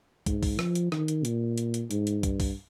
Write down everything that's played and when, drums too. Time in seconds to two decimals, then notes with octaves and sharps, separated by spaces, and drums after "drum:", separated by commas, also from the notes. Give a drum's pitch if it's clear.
0.26 G#2, drum: kick, hi-hat
0.43 drum: kick, open hi-hat
0.59 F3, drum: rim click
0.75 drum: hi-hat
0.92 D#3, drum: rim click
1.08 drum: hi-hat
1.25 A#2, drum: hi-hat
1.58 drum: hi-hat
1.74 drum: hi-hat
1.91 G#2, drum: hi-hat
2.07 drum: hi-hat
2.23 G2, drum: kick, hi-hat
2.40 drum: kick, open hi-hat